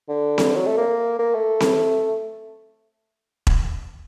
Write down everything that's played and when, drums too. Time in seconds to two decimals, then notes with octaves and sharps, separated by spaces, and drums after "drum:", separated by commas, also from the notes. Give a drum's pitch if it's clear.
0.09 D3
0.38 drum: snare C4
0.56 F#3
0.66 A3
0.77 A#3
1.19 A#3
1.34 A3
1.60 drum: snare C4
3.47 drum: kick E1